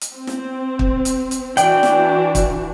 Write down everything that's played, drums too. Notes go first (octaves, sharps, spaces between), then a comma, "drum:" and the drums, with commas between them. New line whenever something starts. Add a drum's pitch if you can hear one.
drum: hi-hat
C4
drum: snare
drum: kick
drum: hi-hat
drum: hi-hat
E3 D4 F#4 D5 G5, drum: hi-hat
drum: snare
drum: kick, hi-hat